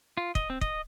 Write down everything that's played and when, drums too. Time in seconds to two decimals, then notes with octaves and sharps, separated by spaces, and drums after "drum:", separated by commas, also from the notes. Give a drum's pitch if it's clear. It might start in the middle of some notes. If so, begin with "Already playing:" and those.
0.17 F4
0.35 D#5, drum: kick
0.50 C4
0.61 D#5, drum: kick